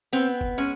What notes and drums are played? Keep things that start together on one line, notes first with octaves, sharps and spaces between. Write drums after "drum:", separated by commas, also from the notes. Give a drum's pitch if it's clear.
B3 C4
drum: kick F#1
G#3 C#4